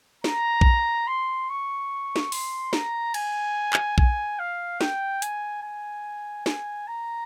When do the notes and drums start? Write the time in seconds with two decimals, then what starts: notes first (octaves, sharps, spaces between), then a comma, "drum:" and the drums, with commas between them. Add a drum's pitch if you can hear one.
0.24 A#5, drum: snare
0.61 drum: kick A#1
1.07 C6
1.49 C#6
2.16 drum: snare
2.32 C6, drum: open hi-hat
2.73 A#5, drum: snare
3.14 G#5, drum: cymbal
3.73 drum: clap
3.98 G#5, drum: kick A#1
4.39 F5
4.81 G5, drum: snare
5.22 G#5, drum: hi-hat
5.62 G#5
6.46 G#5, drum: snare
6.87 A#5